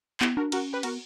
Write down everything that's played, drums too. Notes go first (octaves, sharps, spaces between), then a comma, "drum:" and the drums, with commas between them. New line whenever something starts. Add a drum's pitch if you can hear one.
B3 E4 G4, drum: clap
D4 F#4 A#4
C#4 F#4 A#4, drum: cymbal
G4 B4
B3 F#4 A#4, drum: cymbal